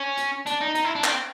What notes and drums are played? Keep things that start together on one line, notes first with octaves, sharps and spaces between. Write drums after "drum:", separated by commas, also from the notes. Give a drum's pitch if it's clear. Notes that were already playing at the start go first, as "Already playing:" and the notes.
Already playing: C#4
drum: hi-hat
D4, drum: hi-hat
D#4
D#4, drum: hi-hat
E4
D4
C4, drum: clap